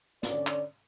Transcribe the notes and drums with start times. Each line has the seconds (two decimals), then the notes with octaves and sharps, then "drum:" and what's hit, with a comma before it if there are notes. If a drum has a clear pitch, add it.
0.23 D3 C#4 D5, drum: snare
0.47 drum: clap